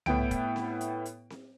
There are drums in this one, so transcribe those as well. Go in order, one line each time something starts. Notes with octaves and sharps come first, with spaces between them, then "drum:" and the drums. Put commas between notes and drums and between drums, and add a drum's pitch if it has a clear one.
A2 B3 E4 G5 D7, drum: tom C2
drum: kick, hi-hat
drum: snare C4
drum: hi-hat
drum: hi-hat
drum: snare C4